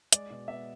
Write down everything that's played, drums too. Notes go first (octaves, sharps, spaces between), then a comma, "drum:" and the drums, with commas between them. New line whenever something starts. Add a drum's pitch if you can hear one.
G#3 D5, drum: hi-hat
B2 D5
B3 E5